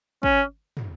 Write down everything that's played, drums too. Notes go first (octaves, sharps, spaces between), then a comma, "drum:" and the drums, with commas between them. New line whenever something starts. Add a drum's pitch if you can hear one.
C#4, drum: kick
drum: tom